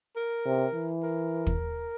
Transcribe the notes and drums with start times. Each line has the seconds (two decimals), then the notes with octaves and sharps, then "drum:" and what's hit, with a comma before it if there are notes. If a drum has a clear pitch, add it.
0.16 A#4
0.46 C3
0.74 E3
1.03 A#4
1.47 drum: kick